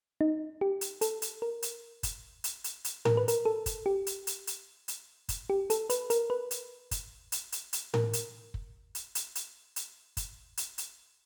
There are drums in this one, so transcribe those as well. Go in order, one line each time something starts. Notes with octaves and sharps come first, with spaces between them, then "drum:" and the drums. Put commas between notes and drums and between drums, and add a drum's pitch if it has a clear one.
D#4
G4
drum: hi-hat
A4, drum: hi-hat
drum: hi-hat
A#4
drum: hi-hat
drum: kick, hi-hat
drum: hi-hat
drum: hi-hat
drum: hi-hat
A#4, drum: tom A2
B4
A#4, drum: hi-hat
A4
drum: kick, hi-hat
G4
drum: hi-hat
drum: hi-hat
drum: hi-hat
drum: hi-hat
drum: kick, hi-hat
G4
A4, drum: hi-hat
B4, drum: hi-hat
A#4, drum: hi-hat
B4
drum: hi-hat
drum: kick, hi-hat
drum: hi-hat
drum: hi-hat
drum: hi-hat
A#4, drum: tom A2
drum: hi-hat
drum: kick
drum: hi-hat
drum: hi-hat
drum: hi-hat
drum: hi-hat
drum: kick, hi-hat
drum: hi-hat
drum: hi-hat